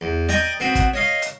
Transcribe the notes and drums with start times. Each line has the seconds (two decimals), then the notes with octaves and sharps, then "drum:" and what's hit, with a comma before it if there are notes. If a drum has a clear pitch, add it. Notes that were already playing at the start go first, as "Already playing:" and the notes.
0.01 E2
0.29 D5 D#5 G5 G#5 A#5, drum: snare
0.60 B3 C4 F#4
0.75 drum: kick, hi-hat
0.94 C#5 D#5 F5
1.22 drum: hi-hat